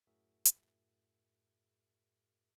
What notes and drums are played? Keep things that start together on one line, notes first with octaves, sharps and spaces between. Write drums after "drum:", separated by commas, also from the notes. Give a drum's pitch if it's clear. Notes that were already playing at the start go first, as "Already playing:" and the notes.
F#2 A2 F#4 G#4 A#4 E5
drum: hi-hat